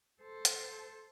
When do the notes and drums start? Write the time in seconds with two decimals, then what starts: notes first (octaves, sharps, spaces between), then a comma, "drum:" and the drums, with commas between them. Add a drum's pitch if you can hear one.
0.22 A4 C5
0.45 drum: hi-hat